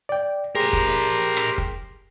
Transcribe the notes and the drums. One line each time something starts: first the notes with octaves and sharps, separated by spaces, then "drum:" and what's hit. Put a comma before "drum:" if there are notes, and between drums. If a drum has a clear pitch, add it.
D5 G5
G4 G#4 A#4 C5 C6
drum: kick
drum: rim click
drum: kick